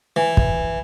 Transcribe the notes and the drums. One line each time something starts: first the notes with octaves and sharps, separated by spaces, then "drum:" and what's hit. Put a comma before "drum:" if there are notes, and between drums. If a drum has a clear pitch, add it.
E3
drum: kick